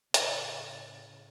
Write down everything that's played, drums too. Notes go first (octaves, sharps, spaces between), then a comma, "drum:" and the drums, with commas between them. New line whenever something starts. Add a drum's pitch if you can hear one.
A2 C#3 A6, drum: hi-hat